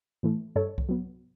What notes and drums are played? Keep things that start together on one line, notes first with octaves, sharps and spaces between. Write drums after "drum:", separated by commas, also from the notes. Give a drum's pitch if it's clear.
A2 E3 A3
G2 A4 C#5
drum: kick C2
F#3 B3